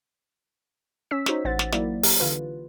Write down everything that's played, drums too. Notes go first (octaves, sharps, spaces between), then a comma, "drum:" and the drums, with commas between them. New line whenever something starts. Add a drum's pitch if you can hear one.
C#4 C#5 E6 B6
D#4 F#4 C5 C#5, drum: snare
A1 E3 C5 F#5 A6
drum: snare
F#3 A#3 E4 D5, drum: snare
G4, drum: open hi-hat
D3 E3 F4 B4